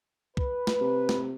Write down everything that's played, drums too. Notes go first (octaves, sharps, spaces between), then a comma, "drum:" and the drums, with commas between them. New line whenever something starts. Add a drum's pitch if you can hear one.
B4, drum: kick C2
drum: snare
C3
drum: snare